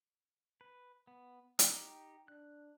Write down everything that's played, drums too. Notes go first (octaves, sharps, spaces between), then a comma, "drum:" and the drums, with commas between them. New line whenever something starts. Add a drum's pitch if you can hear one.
B4
B3
D#4 G4, drum: hi-hat
D4 F#6